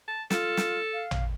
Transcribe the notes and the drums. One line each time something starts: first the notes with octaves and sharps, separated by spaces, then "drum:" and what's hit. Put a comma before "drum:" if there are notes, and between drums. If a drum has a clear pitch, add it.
A5
F4 A4, drum: snare
drum: snare
F5
drum: tom A1